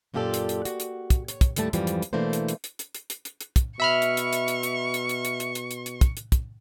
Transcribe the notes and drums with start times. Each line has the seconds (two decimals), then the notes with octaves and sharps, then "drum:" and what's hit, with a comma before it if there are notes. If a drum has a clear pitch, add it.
0.14 F#2 A#2 F4 G4 A4 D5
0.34 drum: hi-hat
0.49 drum: hi-hat
0.65 F#4, drum: hi-hat
0.80 drum: hi-hat
1.10 drum: kick, hi-hat
1.28 C#5, drum: hi-hat
1.41 drum: kick, hi-hat
1.56 D#2 A2 G3 A3 A5, drum: hi-hat
1.73 F2 G#2 E3 F3 G3, drum: hi-hat
1.87 drum: hi-hat
2.02 drum: hi-hat
2.13 B2 E3 A3 A#3 D4 C5
2.33 drum: hi-hat
2.48 drum: hi-hat
2.64 drum: hi-hat
2.79 drum: hi-hat
2.95 drum: hi-hat
3.10 drum: hi-hat
3.25 drum: hi-hat
3.41 drum: hi-hat
3.56 drum: kick, hi-hat
3.80 B2 E5 B5 C#6 F6
4.02 drum: hi-hat
4.17 drum: hi-hat
4.33 drum: hi-hat
4.48 drum: hi-hat
4.63 drum: hi-hat
4.94 drum: hi-hat
5.09 drum: hi-hat
5.25 drum: hi-hat
5.40 drum: hi-hat
5.55 drum: hi-hat
5.71 drum: hi-hat
5.86 drum: hi-hat
6.01 drum: kick, hi-hat
6.17 drum: hi-hat
6.32 drum: kick, hi-hat